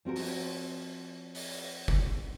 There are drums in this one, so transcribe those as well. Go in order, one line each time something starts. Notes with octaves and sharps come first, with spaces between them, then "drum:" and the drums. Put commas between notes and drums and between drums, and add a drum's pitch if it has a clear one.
F3 C4 F#4 A#4
drum: open hi-hat
drum: open hi-hat
drum: kick F#1